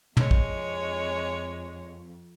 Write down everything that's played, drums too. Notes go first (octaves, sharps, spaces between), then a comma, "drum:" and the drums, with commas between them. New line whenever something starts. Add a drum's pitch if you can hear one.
F2 G#3 C#5, drum: tom
drum: kick